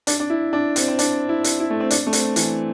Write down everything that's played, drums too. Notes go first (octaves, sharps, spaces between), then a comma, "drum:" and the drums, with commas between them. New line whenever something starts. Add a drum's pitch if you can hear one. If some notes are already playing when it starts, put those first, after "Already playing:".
D4, drum: hi-hat
D4
E4
D4
C4, drum: hi-hat
C4
D4, drum: hi-hat
E4
drum: hi-hat
E4
A3
C4
D4, drum: hi-hat
A3
C4, drum: hi-hat
E3, drum: hi-hat